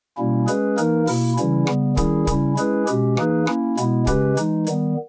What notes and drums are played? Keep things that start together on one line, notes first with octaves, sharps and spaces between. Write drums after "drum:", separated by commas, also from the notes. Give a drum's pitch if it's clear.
B2 G3 A#3 C#4 E4
G#3 C#4 G#4 B4, drum: hi-hat
E3 A#3 D#4 A#4, drum: hi-hat
B2 A#3 E4, drum: open hi-hat
C#3 E3 G3 C#4 E4, drum: hi-hat
C#3 G3 B3, drum: rim click
D#3 G3 C#4 E4 G#4, drum: kick, hi-hat
C#3 G3 C#4 E4, drum: kick, hi-hat
G#3 C#4 E4 G#4 B4, drum: hi-hat
B2 G#3 C#4 G4, drum: hi-hat
E3 A#3 D#4 G#4 B4, drum: rim click
A#3 C#4 E4, drum: rim click
B2 G#3 B3 E4, drum: hi-hat
C#3 G#3 C#4 G4 B4, drum: kick, hi-hat
E3 G#3 D#4, drum: hi-hat
D#3 G3 B3, drum: hi-hat